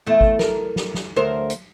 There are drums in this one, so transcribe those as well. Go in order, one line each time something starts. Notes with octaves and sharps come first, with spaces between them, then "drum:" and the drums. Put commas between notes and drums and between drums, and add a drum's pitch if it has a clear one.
E2 A3
drum: kick G#1
A#4, drum: snare
drum: snare
drum: snare
D2 A#4 C5
drum: hi-hat